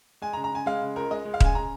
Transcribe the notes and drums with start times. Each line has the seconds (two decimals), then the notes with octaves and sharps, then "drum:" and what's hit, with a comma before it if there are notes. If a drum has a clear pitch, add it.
0.22 G#3 G#5
0.33 A#5
0.37 C#3
0.44 A#5
0.52 C#3 G#5
0.66 G#3 F5
0.81 C#3
0.96 C#2 A#4
1.11 G#3 D#5
1.25 G#3
1.34 F5
1.40 C#3 G#5, drum: kick D#1
1.55 C#3 A#5